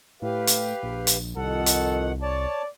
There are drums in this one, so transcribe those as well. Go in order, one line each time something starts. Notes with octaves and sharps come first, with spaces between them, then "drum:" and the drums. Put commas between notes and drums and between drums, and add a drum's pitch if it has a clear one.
A2 G4 B4 F5
drum: hi-hat
A#1
drum: hi-hat
C2 F2 D#3 A4 F#5
drum: hi-hat
C#5 D5 A5